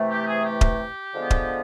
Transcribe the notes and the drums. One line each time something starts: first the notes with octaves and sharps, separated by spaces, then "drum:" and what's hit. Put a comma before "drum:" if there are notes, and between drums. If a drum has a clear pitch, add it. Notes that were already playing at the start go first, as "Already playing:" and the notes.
Already playing: C3 E3 A3
G4
G#4
G4
drum: kick D#1
D3 F3 G#3 B3
drum: kick D#1